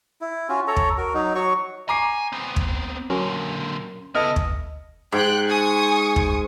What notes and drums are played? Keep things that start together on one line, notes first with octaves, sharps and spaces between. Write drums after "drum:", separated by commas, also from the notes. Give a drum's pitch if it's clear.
E4
C#4 F4 F#4
A4 C#5 A#5
drum: kick
F#4 A#4
F#3 D#4
F#3 F#4 C#5 C#6
G#5 A#5 C#6 D6 C7
B3 C4
drum: kick
A#2 D3 F#3 C#4 A#4
C#3 B3 E4 A4 D#5 F6
drum: kick
G#2 G5 F#6
G#5 C#6 D#6
drum: kick